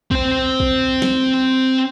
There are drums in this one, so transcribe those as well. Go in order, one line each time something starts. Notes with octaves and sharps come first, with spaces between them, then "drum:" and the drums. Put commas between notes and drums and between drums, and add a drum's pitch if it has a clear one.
C4 C5, drum: kick
drum: kick
drum: snare